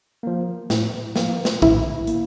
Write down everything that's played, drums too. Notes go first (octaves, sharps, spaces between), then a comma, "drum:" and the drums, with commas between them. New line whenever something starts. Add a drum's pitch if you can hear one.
F3 A#3
A2, drum: snare
F3 A#3, drum: snare
drum: snare
A2 E4, drum: kick
A#3, drum: hi-hat